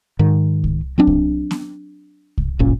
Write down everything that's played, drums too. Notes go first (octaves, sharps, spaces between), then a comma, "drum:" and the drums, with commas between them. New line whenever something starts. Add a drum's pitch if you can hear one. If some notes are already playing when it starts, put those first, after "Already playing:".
G#2 D#3
drum: kick C2
F#3 C4 D4
drum: kick C2
drum: snare B3
drum: kick C2
D1 G1 A#2 C#4